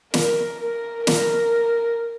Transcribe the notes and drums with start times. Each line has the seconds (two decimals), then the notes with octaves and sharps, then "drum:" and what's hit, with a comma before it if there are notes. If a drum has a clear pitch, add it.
0.14 A#4, drum: snare
0.61 A#4
1.07 A#4, drum: snare